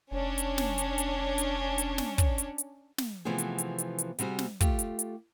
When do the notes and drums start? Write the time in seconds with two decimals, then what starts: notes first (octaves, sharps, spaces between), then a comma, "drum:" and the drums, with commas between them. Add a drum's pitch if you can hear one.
0.11 F1 C#4 D4 C#5
0.38 drum: hi-hat
0.58 drum: snare
0.78 drum: hi-hat
0.98 drum: hi-hat
1.38 drum: hi-hat
1.78 drum: hi-hat
1.98 drum: snare
2.18 drum: kick, hi-hat
2.38 drum: hi-hat
2.58 drum: hi-hat
2.98 drum: snare
3.25 C3 E3 F3 A3 B3 G#4
3.38 drum: hi-hat
3.58 drum: hi-hat
3.78 drum: hi-hat
3.98 drum: hi-hat
4.19 C3 G3 C4 F#4 G#4, drum: hi-hat
4.39 drum: snare
4.61 A3 F4 G4, drum: kick, hi-hat
4.79 drum: hi-hat
4.99 drum: hi-hat